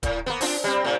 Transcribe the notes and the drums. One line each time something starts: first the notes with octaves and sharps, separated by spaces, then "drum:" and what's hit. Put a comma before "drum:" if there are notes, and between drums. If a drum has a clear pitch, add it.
A2, drum: kick D1, hi-hat
A#3 B3
C4 D4 F4, drum: open hi-hat
G3 C4
A2 C3